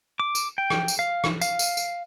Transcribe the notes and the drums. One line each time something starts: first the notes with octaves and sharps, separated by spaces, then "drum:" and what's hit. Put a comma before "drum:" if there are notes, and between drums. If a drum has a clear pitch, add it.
D6
drum: tambourine
G5
drum: rim click
drum: tambourine
F5
drum: rim click
F5, drum: tambourine
drum: tambourine
drum: tambourine